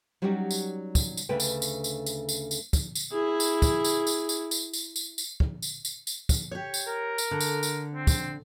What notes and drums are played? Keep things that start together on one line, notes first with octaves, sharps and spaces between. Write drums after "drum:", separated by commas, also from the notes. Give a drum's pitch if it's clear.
F#3 G3 C#4 D#4 F#4 G4
drum: tambourine
drum: kick, tambourine
drum: tambourine
D2 C#3 A3 D4 B4 G5
drum: tambourine
drum: tambourine
drum: tambourine
drum: tambourine
drum: tambourine
drum: tambourine
drum: kick, tambourine
drum: tambourine
E4 G#4
drum: tambourine
drum: kick, tambourine
drum: tambourine
drum: tambourine
drum: tambourine
drum: tambourine
drum: tambourine
drum: tambourine
drum: tambourine
drum: kick
drum: tambourine
drum: tambourine
drum: tambourine
drum: kick, tambourine
G4 C#5
drum: tambourine
A#4
drum: tambourine
D3
drum: tambourine
drum: tambourine
C4
drum: kick, tambourine